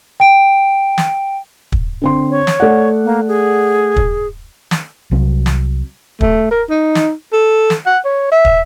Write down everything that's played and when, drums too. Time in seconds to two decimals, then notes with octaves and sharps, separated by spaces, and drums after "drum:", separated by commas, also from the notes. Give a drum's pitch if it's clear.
0.20 G5 D7
0.98 drum: snare
1.72 drum: kick
2.02 D3 C4 C6
2.31 C#5
2.47 drum: snare
2.60 A3 D5 F#5
3.04 A#3
3.28 G#4
3.96 drum: kick
4.71 drum: snare
5.11 C2 F#3 C4
5.46 drum: snare
6.21 A3, drum: kick
6.51 A#4
6.70 D#4
6.95 drum: snare
7.33 A4
7.70 drum: snare
7.86 F#5
8.05 C#5
8.32 E5
8.45 drum: kick